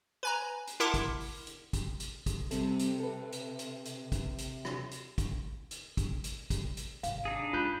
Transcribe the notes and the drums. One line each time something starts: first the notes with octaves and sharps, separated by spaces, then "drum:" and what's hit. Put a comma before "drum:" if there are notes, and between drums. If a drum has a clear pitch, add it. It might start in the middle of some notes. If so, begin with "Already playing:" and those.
B4 G#5 A#5
drum: hi-hat
E4 A#4 F#5 A5 C6 D6
drum: kick, hi-hat
drum: open hi-hat
drum: hi-hat
drum: kick, hi-hat
drum: hi-hat
drum: kick, hi-hat
C3 G3 C4 A4, drum: hi-hat
drum: hi-hat
A4 B4
drum: hi-hat
drum: hi-hat
drum: hi-hat
drum: kick, hi-hat
drum: hi-hat
drum: rim click
drum: hi-hat
drum: kick, hi-hat
drum: hi-hat
drum: kick, hi-hat
drum: hi-hat
drum: kick, hi-hat
drum: hi-hat
G#1 C3 F5, drum: hi-hat
D4 D#4 G#4
G#2 F4 B5 F#6 G6